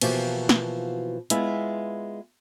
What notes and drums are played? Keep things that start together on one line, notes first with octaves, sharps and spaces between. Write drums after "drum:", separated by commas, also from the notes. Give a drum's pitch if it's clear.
B2 E3 F3 A#3 F#4 G4, drum: cymbal
drum: snare
G#3 B3 E4 F4, drum: hi-hat